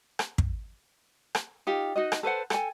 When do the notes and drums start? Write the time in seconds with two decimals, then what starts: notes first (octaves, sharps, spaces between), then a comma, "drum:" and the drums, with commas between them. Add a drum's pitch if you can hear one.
0.19 drum: rim click
0.38 drum: kick
1.35 drum: rim click
1.67 D#4 F4 G4
1.96 D#4 F#4 D#5
2.12 drum: rim click
2.23 A4 B4 C5 F#5
2.50 A4 G5 G#5, drum: rim click